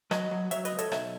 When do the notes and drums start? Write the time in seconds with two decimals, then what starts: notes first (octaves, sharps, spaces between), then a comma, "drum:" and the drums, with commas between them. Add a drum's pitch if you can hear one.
0.11 F#3 B4 D#5, drum: rim click
0.31 F#3
0.51 F#3 C#5 E5, drum: hi-hat
0.65 B4 D#5, drum: hi-hat
0.72 C#2
0.79 A4 C#5, drum: hi-hat
0.92 B1 C#5 E5, drum: rim click